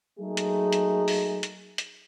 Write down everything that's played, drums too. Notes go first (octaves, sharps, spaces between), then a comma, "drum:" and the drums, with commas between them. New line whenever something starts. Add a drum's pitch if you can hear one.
F#3 A3 A#3 D#4 G#4
drum: hi-hat
drum: hi-hat
drum: open hi-hat
drum: hi-hat
drum: hi-hat